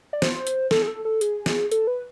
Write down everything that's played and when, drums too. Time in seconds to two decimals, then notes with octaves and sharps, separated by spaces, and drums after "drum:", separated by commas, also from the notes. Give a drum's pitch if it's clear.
0.13 D5
0.22 C5, drum: snare
0.47 drum: hi-hat
0.71 A4, drum: snare
0.82 G#4
0.88 A4
1.05 A4
1.21 G#4, drum: hi-hat
1.46 drum: snare
1.72 A4, drum: hi-hat
1.87 B4